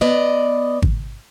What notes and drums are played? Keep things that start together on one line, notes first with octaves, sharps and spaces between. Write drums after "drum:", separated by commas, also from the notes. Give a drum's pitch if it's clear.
B3 D5 D#5
drum: kick G#1